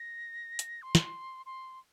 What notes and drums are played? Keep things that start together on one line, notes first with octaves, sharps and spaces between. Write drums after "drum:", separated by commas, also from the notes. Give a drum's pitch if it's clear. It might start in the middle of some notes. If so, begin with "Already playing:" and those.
Already playing: A#6
drum: hi-hat
C6
drum: snare
C6